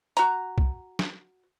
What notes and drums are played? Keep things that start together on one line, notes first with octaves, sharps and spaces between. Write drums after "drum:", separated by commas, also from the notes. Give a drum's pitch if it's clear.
F#4 A#5, drum: hi-hat
drum: kick
drum: snare